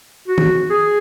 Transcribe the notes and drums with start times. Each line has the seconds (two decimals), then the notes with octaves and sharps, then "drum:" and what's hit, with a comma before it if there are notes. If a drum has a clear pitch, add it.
0.28 F#4
0.38 drum: tom
0.70 G#4